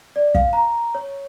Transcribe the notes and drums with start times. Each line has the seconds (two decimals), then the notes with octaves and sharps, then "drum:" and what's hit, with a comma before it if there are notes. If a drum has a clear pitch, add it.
0.16 D5
0.35 F5, drum: kick
0.53 A#5
0.95 C#5